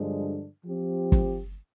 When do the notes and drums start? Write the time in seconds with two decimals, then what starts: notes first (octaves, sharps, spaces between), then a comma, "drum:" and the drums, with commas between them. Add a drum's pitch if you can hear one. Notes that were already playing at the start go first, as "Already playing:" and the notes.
Already playing: G2 D3 F3 G#3 D4
0.65 F3 C4 G4
1.12 drum: kick